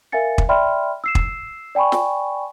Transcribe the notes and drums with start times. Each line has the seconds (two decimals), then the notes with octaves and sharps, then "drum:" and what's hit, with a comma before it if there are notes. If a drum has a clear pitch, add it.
0.12 A#4 E5 F5 G#5 A6 C#7
0.38 drum: kick
0.49 D5 E5 G5 B5 C6 F6
1.04 E6 C7 E7
1.15 drum: kick
1.75 D5 G5 G#5 B5 C#6
1.92 drum: snare